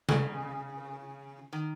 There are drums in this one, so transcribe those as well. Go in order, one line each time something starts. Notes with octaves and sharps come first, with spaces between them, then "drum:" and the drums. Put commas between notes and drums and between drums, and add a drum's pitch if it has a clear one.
C#3, drum: tom C3
D#3